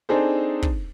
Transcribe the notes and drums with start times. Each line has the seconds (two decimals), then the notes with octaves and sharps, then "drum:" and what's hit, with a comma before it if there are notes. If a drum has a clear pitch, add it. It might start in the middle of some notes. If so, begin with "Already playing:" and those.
0.09 C4 D4 D#4 G#4 A4 C5
0.62 drum: kick